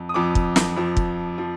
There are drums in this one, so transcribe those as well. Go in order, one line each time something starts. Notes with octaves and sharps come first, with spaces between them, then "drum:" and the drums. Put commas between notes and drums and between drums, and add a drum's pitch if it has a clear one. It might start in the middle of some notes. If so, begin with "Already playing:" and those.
Already playing: F2 F3
D#6
F2 F3 D6
drum: kick
drum: snare
F2 F3
drum: kick
F3